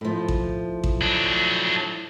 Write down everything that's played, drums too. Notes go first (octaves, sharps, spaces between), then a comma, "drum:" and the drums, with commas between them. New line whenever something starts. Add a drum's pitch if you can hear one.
A2 F3
drum: kick A1
drum: kick A1
F#3 D4